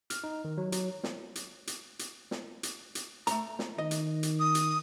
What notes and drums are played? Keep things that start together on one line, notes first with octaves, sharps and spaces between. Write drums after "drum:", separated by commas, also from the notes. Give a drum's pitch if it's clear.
F6, drum: hi-hat
D#4
D#3
F#3
F#3, drum: hi-hat
drum: snare
drum: hi-hat
drum: hi-hat
drum: hi-hat
drum: snare
drum: hi-hat
drum: hi-hat
A3 A#5, drum: hi-hat
drum: snare
D#3 D#5
drum: hi-hat
drum: hi-hat
D#6
drum: hi-hat